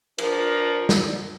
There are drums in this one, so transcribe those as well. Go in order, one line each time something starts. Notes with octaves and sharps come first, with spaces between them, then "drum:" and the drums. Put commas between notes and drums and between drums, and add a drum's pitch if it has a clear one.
F3 D4 A#4, drum: cymbal
drum: snare